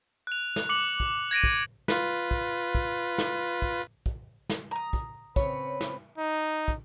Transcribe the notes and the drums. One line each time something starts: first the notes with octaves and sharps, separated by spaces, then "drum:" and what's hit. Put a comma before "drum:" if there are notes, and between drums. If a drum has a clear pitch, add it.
F#6 F7
drum: snare
D6 C#7 F#7
drum: kick
G#6 A#6 D7 D#7
drum: kick
F4 B4, drum: snare
drum: kick
drum: kick
drum: snare
drum: kick
drum: kick
drum: snare
A#5 D#6
drum: kick
C#3 C4 B4 C#5, drum: kick
drum: snare
D#4
drum: kick